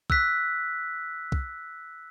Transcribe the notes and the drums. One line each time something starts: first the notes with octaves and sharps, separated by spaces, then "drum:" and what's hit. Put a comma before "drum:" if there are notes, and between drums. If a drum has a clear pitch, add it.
E6 F#6 B6, drum: kick
drum: kick